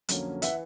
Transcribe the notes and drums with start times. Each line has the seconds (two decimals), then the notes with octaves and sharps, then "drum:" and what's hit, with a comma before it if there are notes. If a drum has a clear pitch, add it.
0.09 F2 D3 F#3 A#3 C#4, drum: hi-hat
0.42 E3 E5 F#5, drum: hi-hat